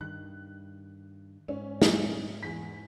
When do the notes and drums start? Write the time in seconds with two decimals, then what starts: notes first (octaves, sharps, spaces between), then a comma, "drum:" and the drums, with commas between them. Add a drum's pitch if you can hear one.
0.01 G2 D#3 F#6
1.48 G#2 C#4
1.82 drum: snare
2.43 E2 B6